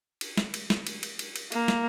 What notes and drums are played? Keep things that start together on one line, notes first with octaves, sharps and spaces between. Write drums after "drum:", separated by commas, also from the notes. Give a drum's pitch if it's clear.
drum: cymbal
drum: snare
drum: cymbal
drum: snare
drum: cymbal
drum: cymbal
drum: cymbal
drum: cymbal
A#3, drum: cymbal
drum: snare